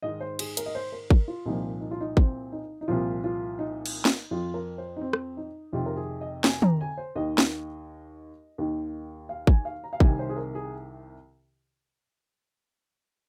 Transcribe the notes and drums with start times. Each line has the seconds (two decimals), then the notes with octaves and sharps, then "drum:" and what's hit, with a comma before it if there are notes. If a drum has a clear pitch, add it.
0.03 G#2 D#3 D#5
0.20 C5
0.39 G#4, drum: cymbal
0.57 A#4, drum: hi-hat
0.66 D#5
0.75 C5
0.92 A#4
1.10 A#4, drum: kick
1.28 F4
1.46 C2 A#2 F3 D#4
1.81 D#4
1.91 F4
2.01 D#4
2.17 C4, drum: kick
2.52 D#4
2.81 D#4
2.88 C2 A#2 F3 F4
3.24 F4
3.59 D#4
3.86 drum: cymbal
4.05 drum: snare
4.31 F2 F3 F4
4.54 A#4
4.78 C5
4.97 D#4
5.01 C4
5.13 drum: rim click
5.37 D#4
5.73 F2 C3 D#3 F4
5.86 A#4
5.96 G#4
6.21 D#5
6.44 G#5, drum: snare
6.62 A#5, drum: tom
6.81 G#5
6.97 C5
7.16 D#2 D#3 D#5
7.38 drum: snare
8.58 D#2 D#3
9.29 F5
9.47 G#5, drum: kick
9.65 F5
9.84 A#5
9.93 F5
10.00 C2 C3 D#3 G#5, drum: kick
10.19 C5
10.29 G#4
10.36 A#4
10.55 G#4